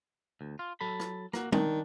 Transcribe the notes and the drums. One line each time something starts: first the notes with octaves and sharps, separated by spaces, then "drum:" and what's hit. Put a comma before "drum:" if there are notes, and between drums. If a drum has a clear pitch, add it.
D2
F4
F#3 A4 B5
drum: rim click
A#3 F#4, drum: rim click
D#3 D4, drum: tom